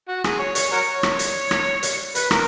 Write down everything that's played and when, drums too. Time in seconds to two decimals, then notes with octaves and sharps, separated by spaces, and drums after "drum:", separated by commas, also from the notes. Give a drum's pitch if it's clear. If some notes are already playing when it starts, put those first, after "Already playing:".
0.08 F#4
0.24 G#4, drum: rim click
0.39 C#5
0.55 C#5, drum: hi-hat
0.72 F#4 A#4 C#5
1.03 drum: rim click
1.19 drum: hi-hat
1.51 drum: rim click
1.83 drum: hi-hat
2.15 B4, drum: hi-hat
2.31 A#4, drum: rim click